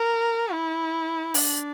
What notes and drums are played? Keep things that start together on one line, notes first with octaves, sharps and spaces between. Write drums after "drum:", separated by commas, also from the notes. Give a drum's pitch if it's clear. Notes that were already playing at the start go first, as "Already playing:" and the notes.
Already playing: A#4
E4
D4, drum: open hi-hat